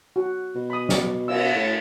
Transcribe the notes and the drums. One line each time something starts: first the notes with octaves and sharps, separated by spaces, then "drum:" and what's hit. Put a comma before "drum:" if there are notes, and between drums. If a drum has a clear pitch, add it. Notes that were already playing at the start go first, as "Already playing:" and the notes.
F#4
B2
B5 D#6
D5, drum: snare
E6, drum: cymbal
A2